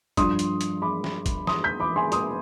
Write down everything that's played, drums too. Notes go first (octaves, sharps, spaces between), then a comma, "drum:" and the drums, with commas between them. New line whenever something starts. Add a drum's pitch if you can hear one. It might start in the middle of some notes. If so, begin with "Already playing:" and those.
G2 F3 C6 D#6, drum: kick, hi-hat
drum: hi-hat
drum: hi-hat
B5 D6
drum: snare
drum: kick, hi-hat
C6 D#6, drum: snare
G6 B6
B5 D6
G#5 C6
C6 D#6, drum: hi-hat